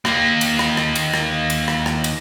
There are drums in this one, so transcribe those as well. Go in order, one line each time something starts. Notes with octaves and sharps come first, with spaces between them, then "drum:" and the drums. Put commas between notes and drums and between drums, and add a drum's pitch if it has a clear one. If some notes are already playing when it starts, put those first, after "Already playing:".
D#2 A#3, drum: rim click
drum: cymbal
drum: rim click
drum: rim click
drum: cymbal
drum: rim click
drum: cymbal
drum: rim click
drum: rim click
drum: cymbal